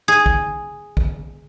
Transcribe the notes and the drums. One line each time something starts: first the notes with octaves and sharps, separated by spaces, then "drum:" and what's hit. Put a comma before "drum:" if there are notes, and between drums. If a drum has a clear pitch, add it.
G#4
drum: kick
drum: kick